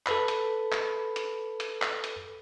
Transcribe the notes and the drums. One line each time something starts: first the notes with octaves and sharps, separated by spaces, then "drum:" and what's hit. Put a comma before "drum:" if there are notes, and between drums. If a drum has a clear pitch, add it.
A4 B4 B5, drum: clap
drum: hi-hat
drum: clap
drum: hi-hat
drum: hi-hat
drum: clap
drum: hi-hat